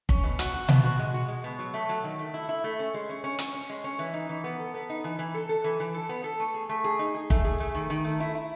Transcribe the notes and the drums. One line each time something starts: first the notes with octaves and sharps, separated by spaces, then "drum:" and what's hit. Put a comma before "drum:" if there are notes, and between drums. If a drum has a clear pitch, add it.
C#4, drum: kick
B2
F#4, drum: hi-hat
F#4
B2, drum: tom B2
F#4
G#3
F#4
G#3
B2
F#3
A3
F#3
D#3
A3
E4
E4
A3
C#4
G#3
C#4
C#4
C#4, drum: hi-hat
C#4
G#3
C#4
E3
D#4
E3
B3
A4
B3
D#4
E3
E3
A4
A4
E3
E3
A4
B3
A4
A3
G#4
A3
G#4
D#4
G#4
A3, drum: kick
G#4
A3
D#3
D#3
A3
E4
E4